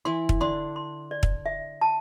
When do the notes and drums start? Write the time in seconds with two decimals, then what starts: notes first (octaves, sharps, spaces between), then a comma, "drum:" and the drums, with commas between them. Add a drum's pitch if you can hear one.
0.05 E3 E4 C6
0.29 drum: kick
0.41 D3 D4 C6
0.76 C6
1.11 D5
1.23 drum: kick
1.46 E5
1.81 A5